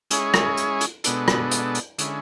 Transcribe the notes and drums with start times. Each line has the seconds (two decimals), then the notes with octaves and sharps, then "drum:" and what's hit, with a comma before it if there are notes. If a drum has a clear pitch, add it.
0.11 G#3 C#4 E4 G#4 C#5, drum: hi-hat
0.34 drum: rim click
0.57 drum: hi-hat
0.81 drum: hi-hat
1.04 B2 G#3 B3 D4 A4, drum: hi-hat
1.28 drum: rim click
1.51 drum: hi-hat
1.75 drum: hi-hat
1.98 D3 G#3 C#4 E4, drum: hi-hat